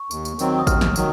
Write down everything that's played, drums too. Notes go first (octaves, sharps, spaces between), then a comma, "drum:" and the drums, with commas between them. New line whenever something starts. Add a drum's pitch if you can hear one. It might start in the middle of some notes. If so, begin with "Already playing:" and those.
Already playing: C#6
D#2, drum: tambourine
drum: tambourine
D#3 F#3 C4, drum: tambourine
D#6
D#2 F6, drum: kick G#1, tambourine
drum: snare
D#3 F#3, drum: tambourine